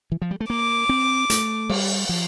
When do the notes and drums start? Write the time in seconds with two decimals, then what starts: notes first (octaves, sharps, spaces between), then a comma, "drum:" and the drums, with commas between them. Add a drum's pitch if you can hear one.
0.12 E3
0.22 F3
0.31 G3
0.40 A3
0.50 A#3 D6
0.89 C4
1.30 A3, drum: hi-hat
1.70 G3, drum: cymbal
2.09 F3